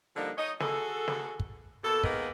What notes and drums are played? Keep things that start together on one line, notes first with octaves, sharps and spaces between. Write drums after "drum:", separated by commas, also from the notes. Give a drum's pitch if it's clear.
D3 F3 G3 A#3 D#4
D#4 C#5 D#5
F#4 G#4 A4, drum: snare
drum: snare
drum: kick
B2 A#3 A4
D#3 G#3 A#3 B3 A#4, drum: kick